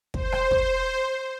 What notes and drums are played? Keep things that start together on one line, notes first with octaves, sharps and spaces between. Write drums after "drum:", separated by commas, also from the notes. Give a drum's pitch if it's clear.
C5, drum: kick
drum: rim click
drum: kick